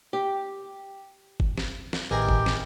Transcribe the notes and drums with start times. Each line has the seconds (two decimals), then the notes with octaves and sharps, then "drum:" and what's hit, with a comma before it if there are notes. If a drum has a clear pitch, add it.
0.13 G4
1.40 drum: kick G1
1.58 drum: snare
1.93 drum: snare
2.11 A1 D#3 E3 G4 G#4 A#4
2.29 drum: kick G1
2.46 drum: snare